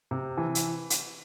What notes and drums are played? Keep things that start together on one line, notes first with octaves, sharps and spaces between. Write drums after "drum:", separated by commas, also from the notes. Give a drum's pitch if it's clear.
C3
E3
drum: hi-hat
drum: hi-hat